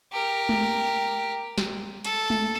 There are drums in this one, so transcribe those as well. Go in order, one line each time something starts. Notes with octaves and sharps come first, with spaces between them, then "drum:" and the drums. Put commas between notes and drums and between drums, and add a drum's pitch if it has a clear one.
G4 A#4
drum: tom G#3
drum: snare
A4, drum: hi-hat
drum: tom G#3